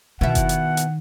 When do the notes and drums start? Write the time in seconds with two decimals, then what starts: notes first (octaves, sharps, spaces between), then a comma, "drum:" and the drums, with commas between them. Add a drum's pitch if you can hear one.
0.21 B2 D#3 E4 F#5
0.35 drum: kick F#1, hi-hat
0.49 drum: hi-hat
0.77 drum: hi-hat